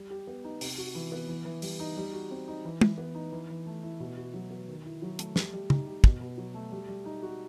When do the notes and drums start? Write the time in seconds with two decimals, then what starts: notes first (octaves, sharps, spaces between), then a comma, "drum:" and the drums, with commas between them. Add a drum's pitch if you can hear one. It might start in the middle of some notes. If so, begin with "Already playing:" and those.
Already playing: G3
0.10 G4
0.27 B3
0.44 D#4
0.61 C3, drum: open hi-hat
0.78 F#4
0.95 E3
1.12 B3
1.28 E3
1.45 E3
1.62 G3, drum: open hi-hat
1.80 D#4
1.97 G3
2.13 F#4
2.31 C4
2.48 D#4
2.65 E3
2.81 E3, drum: tom
2.98 B3
3.15 D#4
3.32 E3
3.50 E3
3.66 A3
3.83 E4
4.00 B2
4.17 F#4
4.34 F#3
4.51 B3
4.69 D#3
4.85 E4
5.02 F#3
5.19 A3, drum: hi-hat
5.36 G3, drum: snare
5.53 G3
5.70 D#4, drum: tom
5.87 G4
6.04 B2, drum: kick
6.21 B2
6.38 F#3
6.54 A3
6.72 G3
6.89 G3
7.05 D#4
7.22 F#4